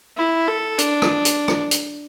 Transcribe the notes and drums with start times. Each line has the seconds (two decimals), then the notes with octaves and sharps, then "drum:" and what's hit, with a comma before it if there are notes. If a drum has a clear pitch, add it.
0.17 E4
0.48 A4
0.78 D4, drum: hi-hat
1.02 drum: rim click
1.25 drum: hi-hat
1.48 drum: rim click
1.71 drum: hi-hat